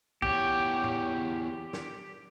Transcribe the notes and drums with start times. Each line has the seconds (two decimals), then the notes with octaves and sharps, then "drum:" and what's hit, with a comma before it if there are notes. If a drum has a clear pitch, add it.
0.22 E2 G4 C#5, drum: kick
0.84 drum: tom
1.73 drum: snare